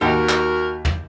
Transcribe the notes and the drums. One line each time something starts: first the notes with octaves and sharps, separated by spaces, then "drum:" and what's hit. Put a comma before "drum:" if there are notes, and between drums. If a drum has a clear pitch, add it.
D#2 D#4 F#4 A#4 F#5 G5
drum: clap
drum: tom